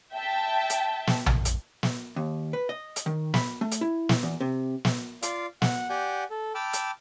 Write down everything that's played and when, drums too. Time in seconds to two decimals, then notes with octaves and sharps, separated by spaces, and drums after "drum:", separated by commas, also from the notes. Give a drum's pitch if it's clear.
0.14 E5 G5 A5
0.70 drum: hi-hat
1.07 drum: snare
1.26 drum: tom
1.45 drum: hi-hat
1.83 drum: snare
2.16 D#2
2.53 B4
2.69 D#5
2.96 drum: hi-hat
3.06 D#3
3.34 B5, drum: snare
3.61 A3
3.71 drum: hi-hat
3.81 E4
4.09 drum: snare
4.23 E2
4.41 C3
4.85 drum: snare
5.22 F4 D5 F5, drum: hi-hat
5.62 F#5, drum: snare
5.90 G4 D5 F#5 G#5 G6
6.30 A4
6.55 G5 A5 B5 D6 E6 F6
6.73 drum: hi-hat